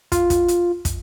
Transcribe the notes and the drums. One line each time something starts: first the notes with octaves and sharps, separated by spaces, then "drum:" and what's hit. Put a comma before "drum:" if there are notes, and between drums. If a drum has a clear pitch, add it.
F4, drum: kick, hi-hat
drum: kick, hi-hat
drum: hi-hat
drum: kick, hi-hat